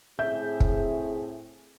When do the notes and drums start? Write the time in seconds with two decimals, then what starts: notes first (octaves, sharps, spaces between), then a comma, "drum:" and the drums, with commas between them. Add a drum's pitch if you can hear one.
0.19 A2 C4 G#4 E5 G6
0.60 drum: kick